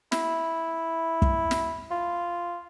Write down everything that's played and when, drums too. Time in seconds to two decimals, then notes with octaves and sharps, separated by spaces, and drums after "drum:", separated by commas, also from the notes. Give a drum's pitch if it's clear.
0.12 E4, drum: snare
1.22 drum: kick
1.51 drum: snare
1.91 F4